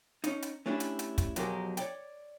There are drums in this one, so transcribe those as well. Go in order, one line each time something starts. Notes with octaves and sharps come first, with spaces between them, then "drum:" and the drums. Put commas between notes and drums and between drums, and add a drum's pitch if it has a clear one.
C#4 D#4, drum: hi-hat
drum: hi-hat
A3 C#4 D4 E4 G4
drum: hi-hat
drum: hi-hat
drum: kick, hi-hat
F2 B2 F#3 G4 G#4 A#4, drum: hi-hat
C#5 D5 G5, drum: hi-hat